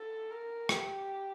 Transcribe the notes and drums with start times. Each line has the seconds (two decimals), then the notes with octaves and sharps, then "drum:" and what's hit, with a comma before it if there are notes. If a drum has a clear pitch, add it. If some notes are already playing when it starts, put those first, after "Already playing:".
Already playing: A4
0.31 A#4
0.69 G4, drum: rim click